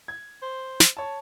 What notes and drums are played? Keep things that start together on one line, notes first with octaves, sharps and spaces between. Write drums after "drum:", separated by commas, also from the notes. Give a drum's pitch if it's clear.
G#6
C5
drum: snare
C#5 A5